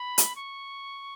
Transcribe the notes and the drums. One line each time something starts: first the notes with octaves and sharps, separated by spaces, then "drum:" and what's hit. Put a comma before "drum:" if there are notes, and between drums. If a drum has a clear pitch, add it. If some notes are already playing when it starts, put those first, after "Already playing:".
Already playing: B5
drum: hi-hat
C#6